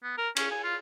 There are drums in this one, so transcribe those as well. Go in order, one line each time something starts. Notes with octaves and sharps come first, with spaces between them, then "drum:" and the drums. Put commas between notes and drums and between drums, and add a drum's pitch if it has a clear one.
B3
A#4
C#4, drum: cymbal
G#5
F4